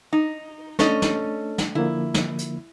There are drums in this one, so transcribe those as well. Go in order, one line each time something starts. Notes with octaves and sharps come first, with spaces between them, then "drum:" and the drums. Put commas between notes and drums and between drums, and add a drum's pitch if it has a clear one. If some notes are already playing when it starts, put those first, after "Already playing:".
D#4
A3 C#4 D4 A4 D#5, drum: snare
drum: snare
drum: snare
D3 F3 A#3 E4
drum: snare
drum: hi-hat